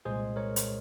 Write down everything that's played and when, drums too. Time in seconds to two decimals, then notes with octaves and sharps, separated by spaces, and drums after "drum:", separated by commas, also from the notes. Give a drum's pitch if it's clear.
0.05 C2 A#2 G#3 G#4 C5
0.36 A#4 C#5
0.56 drum: hi-hat